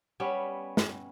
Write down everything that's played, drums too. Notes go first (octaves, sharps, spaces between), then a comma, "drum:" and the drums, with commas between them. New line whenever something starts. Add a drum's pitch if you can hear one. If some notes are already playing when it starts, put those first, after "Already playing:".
G3 B3 C#4
drum: snare